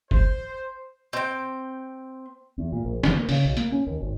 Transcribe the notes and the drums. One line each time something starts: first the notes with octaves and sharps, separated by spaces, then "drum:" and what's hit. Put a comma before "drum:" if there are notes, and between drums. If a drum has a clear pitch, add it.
C5, drum: kick F#1
C4 G5
E2
A#2
A#1
F#1, drum: snare
A#3
C#3, drum: open hi-hat
B1
A#3, drum: hi-hat
C#4
D#2
G#1